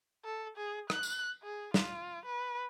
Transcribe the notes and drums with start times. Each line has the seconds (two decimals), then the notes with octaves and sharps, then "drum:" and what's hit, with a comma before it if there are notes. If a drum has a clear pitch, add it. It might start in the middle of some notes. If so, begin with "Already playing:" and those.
0.25 A4
0.57 G#4
0.90 F#6, drum: rim click
1.03 drum: tambourine
1.43 G#4
1.74 F4, drum: snare
2.26 B4